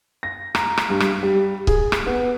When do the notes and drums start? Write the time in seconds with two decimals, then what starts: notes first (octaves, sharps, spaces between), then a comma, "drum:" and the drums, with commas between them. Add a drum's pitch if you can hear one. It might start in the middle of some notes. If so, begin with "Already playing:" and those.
0.23 A#6
0.55 A#5, drum: rim click
0.77 drum: rim click
0.90 G2
1.00 drum: rim click
1.23 G3
1.67 G#4, drum: kick C#1
1.92 drum: rim click
2.06 B3